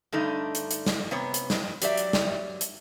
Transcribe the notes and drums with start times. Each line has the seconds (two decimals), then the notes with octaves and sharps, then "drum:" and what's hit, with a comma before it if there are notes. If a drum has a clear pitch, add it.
0.12 G2 D3 A3 D#4
0.55 drum: hi-hat
0.71 drum: hi-hat
0.86 drum: snare
1.11 C3 B3 C#5
1.34 drum: hi-hat
1.50 drum: snare
1.82 F#3 G4 D5 E5, drum: hi-hat
1.97 drum: hi-hat
2.13 drum: snare
2.61 drum: hi-hat